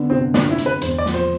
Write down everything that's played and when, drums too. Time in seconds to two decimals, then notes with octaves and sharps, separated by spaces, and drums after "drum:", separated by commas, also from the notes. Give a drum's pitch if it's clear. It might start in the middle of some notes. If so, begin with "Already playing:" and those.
Already playing: D3 B3
0.10 C3 C4
0.34 D3 D4, drum: snare
0.51 E4
0.58 D3, drum: hi-hat
0.66 B4
0.82 E2 C5, drum: hi-hat
0.98 D5
1.06 F3, drum: snare
1.14 C5